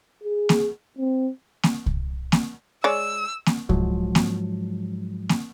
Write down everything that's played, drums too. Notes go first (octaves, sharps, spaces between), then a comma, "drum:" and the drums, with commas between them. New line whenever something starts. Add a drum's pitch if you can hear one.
G#4
drum: snare A#3
C4
drum: snare A#3
drum: kick C2
drum: snare A#3
G#3 C#5 D5 E6
drum: snare A#3
G#2 F3 F#3, drum: kick C2
drum: snare A#3
drum: snare A#3